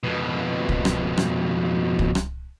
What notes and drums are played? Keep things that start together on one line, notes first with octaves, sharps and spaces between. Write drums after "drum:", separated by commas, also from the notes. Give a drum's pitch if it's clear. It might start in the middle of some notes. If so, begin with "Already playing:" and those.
F2 B2
drum: kick
drum: rim click
drum: rim click
drum: kick
drum: rim click